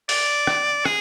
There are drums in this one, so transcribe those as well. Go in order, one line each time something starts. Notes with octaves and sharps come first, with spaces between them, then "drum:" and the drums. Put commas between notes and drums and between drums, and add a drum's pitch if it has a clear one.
D5, drum: open hi-hat
drum: rim click
G#4, drum: rim click